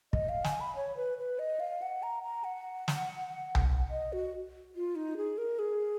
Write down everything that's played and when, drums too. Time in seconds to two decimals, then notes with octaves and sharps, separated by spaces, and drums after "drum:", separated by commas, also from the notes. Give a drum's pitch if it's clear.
0.13 D#5, drum: kick
0.29 F5
0.44 G#5, drum: snare
0.61 B5
0.76 C#5
0.97 B4
1.18 B4
1.39 D#5
1.60 F5
1.82 F#5
2.03 A#5
2.23 A#5
2.44 F#5
2.88 drum: snare
3.55 drum: tom C2
3.91 D#5
4.13 F#4
4.76 F4
4.96 D#4
5.17 G#4
5.38 A#4
5.59 G#4